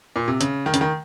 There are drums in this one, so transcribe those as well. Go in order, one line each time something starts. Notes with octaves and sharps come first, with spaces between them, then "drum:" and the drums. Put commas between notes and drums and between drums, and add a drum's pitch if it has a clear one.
A#2
C3
C#3, drum: hi-hat
D#3
C#3, drum: hi-hat
D#3